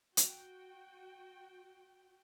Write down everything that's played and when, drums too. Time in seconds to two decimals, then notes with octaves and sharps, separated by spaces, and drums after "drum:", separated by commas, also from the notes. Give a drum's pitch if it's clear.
0.17 F#4 G5, drum: hi-hat